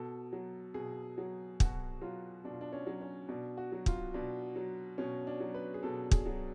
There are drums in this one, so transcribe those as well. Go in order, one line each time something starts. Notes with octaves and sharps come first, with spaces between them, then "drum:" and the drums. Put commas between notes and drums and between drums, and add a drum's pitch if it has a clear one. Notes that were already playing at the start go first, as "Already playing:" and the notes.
Already playing: B2 A4
F#3
B2 G#4
F#3
B2 F#4, drum: kick
F#3 F4
B2 D4
F4
D4
C#4
F#3
C#4
B2 D4
F#4
F#3
F4, drum: kick
B2 D4
F#3
B2 C#4
D4
F#3
B4
G#4
B2 A4
G#4, drum: kick
F#3